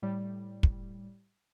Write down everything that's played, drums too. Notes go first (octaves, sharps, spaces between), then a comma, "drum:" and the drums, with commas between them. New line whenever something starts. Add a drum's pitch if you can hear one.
A2 G3
drum: kick